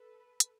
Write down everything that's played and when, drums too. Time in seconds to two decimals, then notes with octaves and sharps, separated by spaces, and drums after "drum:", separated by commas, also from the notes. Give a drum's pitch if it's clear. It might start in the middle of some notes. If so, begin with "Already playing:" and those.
Already playing: A4 B4
0.40 drum: hi-hat